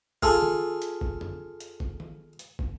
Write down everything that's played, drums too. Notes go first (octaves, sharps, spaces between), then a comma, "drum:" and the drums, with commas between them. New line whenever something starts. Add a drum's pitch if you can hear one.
F4 G#4 A4, drum: kick
drum: tom D#3
drum: hi-hat
drum: kick
drum: tom F2
drum: hi-hat
drum: kick
drum: tom D#3
drum: hi-hat
drum: kick